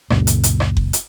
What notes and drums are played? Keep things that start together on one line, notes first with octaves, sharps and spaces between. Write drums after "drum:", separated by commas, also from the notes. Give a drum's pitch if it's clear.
C#2 F#2 A#2, drum: rim click
drum: hi-hat
drum: hi-hat
drum: rim click
drum: kick F#1
drum: hi-hat